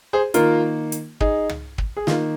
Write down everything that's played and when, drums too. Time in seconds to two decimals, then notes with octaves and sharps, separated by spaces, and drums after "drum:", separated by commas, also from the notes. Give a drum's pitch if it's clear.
0.13 G#4 C5
0.34 D#3 A#3 F4 A#4, drum: hi-hat
0.92 drum: hi-hat
1.20 D#4 G#4, drum: kick
1.49 drum: tom
1.78 drum: kick
1.97 G#4
2.07 D#3 A#3 F4, drum: snare